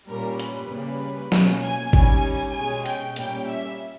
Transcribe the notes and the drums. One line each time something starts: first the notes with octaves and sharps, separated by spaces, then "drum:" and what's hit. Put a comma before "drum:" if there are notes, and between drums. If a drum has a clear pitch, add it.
A#2 G3 C#4 A#4
B4, drum: hi-hat
C#3 G3 A#3 C#4
B2 A#3 C#4, drum: snare
G#5
D#3 G3 C#4 G#5, drum: kick G#1
B2 G#3 C#4 G#5
G5, drum: hi-hat
A#2 G3 A#3 C#4 G5, drum: hi-hat
E5